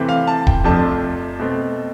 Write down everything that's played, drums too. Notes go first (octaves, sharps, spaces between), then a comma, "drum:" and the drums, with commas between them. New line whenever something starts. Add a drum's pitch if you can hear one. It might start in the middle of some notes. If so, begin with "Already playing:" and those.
Already playing: C3 E3 A3 C4
F5
A5
G5, drum: kick D#1
F2 C3 F3 A3 D4 A5
B2 A3 C4